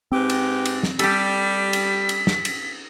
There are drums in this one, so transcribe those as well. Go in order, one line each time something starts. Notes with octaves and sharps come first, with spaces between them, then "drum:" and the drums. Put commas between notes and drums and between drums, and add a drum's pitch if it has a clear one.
G#2 C4 G4 B4
drum: cymbal
drum: cymbal
drum: snare
G3 G4 A4 B6, drum: cymbal
drum: cymbal
drum: cymbal
drum: snare
drum: cymbal